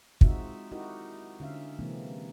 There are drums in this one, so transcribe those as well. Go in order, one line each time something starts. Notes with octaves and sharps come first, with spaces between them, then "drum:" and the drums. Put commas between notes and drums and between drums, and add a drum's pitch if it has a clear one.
G#3 C4 D#4 F4 F#4 E5, drum: kick
D#4 E4 F#4 G4 A#4 D#5
D3 C#4 E5 F5
C3 E3 G#3 A#3 C4